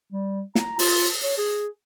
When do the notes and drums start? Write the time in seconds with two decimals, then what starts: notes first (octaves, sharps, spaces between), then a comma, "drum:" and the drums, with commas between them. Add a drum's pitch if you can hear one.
0.13 G3
0.55 A#5, drum: snare
0.79 F4, drum: open hi-hat
1.23 C#5
1.38 G#4